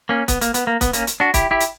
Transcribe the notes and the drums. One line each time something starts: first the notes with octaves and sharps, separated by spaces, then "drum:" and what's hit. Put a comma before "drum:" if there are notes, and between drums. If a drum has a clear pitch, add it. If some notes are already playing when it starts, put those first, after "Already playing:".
A#3 C#4
B3, drum: kick, hi-hat
A#3, drum: hi-hat
B3, drum: hi-hat
A#3
B3, drum: kick, hi-hat
A#3 C#4, drum: hi-hat
drum: hi-hat
D4 F#4
E4 G4, drum: kick, hi-hat
E4 G4
drum: hi-hat